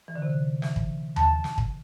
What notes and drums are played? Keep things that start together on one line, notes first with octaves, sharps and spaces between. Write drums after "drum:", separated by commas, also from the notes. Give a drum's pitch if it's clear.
E3
D3
C3
D3
E3, drum: snare
drum: kick
A5, drum: tom D#2
drum: snare
drum: kick